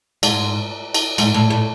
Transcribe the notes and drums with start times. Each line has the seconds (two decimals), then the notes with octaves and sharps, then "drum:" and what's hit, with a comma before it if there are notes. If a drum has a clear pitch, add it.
0.23 G#2, drum: cymbal
0.94 drum: cymbal
1.18 G#2, drum: cymbal
1.34 A2
1.50 A2